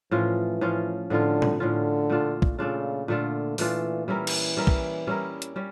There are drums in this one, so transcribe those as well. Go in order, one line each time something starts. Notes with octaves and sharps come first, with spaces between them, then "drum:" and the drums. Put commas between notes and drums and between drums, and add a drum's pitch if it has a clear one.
A2 E3 F3 C#4 F4
A2 F3 C#4 F4
A2 D3 F3 C#4 F4
drum: tom A#2
A2 D3 F3 C#4 F4
A#2 A3 D4 F4
drum: kick
A#2 C#3 A3 D4 F4
A#2 D3 A3 D4 F4
A#2 E3 A3 D4 F4, drum: open hi-hat
E3 G3 C#4 E4 A#4
drum: cymbal
G3 C#4 E4 A#4
drum: kick
G3 C#4 E4 A#4
drum: hi-hat
G3 C#4